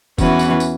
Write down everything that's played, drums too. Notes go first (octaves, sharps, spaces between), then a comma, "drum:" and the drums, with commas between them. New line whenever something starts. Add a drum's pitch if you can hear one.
E2 E3 C#4 F#4 B4, drum: kick, tambourine
drum: tambourine
drum: tambourine